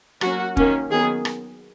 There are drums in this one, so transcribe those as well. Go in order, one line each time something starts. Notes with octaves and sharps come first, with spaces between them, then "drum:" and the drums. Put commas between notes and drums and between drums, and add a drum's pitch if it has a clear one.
F#3 A#3 C#4 F#4, drum: rim click
D#3 A#3 C#4, drum: kick
D#3 F#3 B3 G#4
drum: rim click